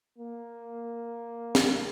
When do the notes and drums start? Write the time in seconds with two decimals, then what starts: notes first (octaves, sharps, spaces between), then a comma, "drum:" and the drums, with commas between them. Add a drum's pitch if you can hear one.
0.18 A#3
1.55 drum: snare